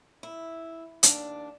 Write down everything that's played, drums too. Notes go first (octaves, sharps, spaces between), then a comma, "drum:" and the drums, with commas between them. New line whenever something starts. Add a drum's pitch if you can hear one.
E4
D#2 D4, drum: hi-hat